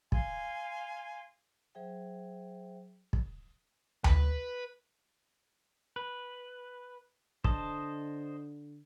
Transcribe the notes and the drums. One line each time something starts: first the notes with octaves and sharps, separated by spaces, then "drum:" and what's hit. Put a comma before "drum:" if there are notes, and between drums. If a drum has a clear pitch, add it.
F5 G#5 C6, drum: kick
F#3 G#4 C5 E5 G5
drum: kick
B4, drum: tom D2
B4
D3 C5 D#5 A5, drum: kick